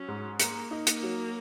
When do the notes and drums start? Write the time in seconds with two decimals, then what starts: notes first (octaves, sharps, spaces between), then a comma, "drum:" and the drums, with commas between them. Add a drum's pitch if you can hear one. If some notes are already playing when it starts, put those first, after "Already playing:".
Already playing: F#3 C#4
0.08 G#2
0.40 A#3 A#4, drum: hi-hat
0.71 D#4
0.87 A#3, drum: hi-hat
1.03 F#3